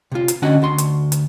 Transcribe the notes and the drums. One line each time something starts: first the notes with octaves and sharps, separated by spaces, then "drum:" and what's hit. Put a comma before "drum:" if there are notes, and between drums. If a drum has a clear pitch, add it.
C3 F4
drum: hi-hat
D3 C#4 D4 F#4 D#5 F#5
D2 F#4 C6
drum: hi-hat
drum: hi-hat